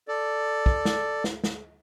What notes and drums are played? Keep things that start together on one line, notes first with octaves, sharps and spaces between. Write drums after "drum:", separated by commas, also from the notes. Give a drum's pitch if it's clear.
A4 D5
drum: kick
drum: snare
drum: snare
drum: snare